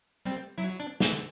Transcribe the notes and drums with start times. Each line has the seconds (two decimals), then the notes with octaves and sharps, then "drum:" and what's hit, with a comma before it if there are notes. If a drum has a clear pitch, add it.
0.25 G3 C4
0.58 F#3 E4
0.80 D4
1.00 B3, drum: snare
1.13 D3